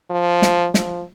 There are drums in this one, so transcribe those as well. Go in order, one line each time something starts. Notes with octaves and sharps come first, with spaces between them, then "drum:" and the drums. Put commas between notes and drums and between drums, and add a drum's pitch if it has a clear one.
F3
drum: snare
F3, drum: snare